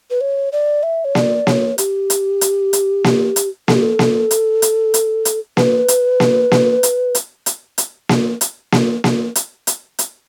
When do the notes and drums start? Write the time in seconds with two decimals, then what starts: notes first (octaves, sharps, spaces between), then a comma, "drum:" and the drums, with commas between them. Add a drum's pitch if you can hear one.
0.10 B4
0.21 C#5
0.52 D5
0.83 E5
1.05 C#5
1.15 D5, drum: snare A#3
1.47 C#5, drum: snare A#3
1.78 G4, drum: hi-hat
2.10 drum: hi-hat
2.41 drum: hi-hat
2.73 drum: hi-hat
3.04 drum: snare A#3
3.36 drum: hi-hat
3.68 A4, drum: snare A#3
3.75 G4
3.83 A4
3.99 drum: snare A#3
4.31 drum: hi-hat
4.62 drum: hi-hat
4.94 drum: hi-hat
5.25 drum: hi-hat
5.57 B4, drum: snare A#3
5.88 drum: hi-hat
6.20 drum: snare A#3
6.51 drum: snare A#3
6.83 drum: hi-hat
7.15 drum: hi-hat
7.46 drum: hi-hat
7.78 drum: hi-hat
8.09 drum: snare A#3
8.41 drum: hi-hat
8.72 drum: snare A#3
9.04 drum: snare A#3
9.35 drum: hi-hat
9.67 drum: hi-hat
9.99 drum: hi-hat